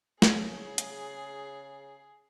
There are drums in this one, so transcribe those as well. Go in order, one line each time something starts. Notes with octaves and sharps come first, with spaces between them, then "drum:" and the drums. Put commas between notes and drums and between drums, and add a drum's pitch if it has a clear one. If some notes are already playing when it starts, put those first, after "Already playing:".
C#3 G#4, drum: snare
drum: hi-hat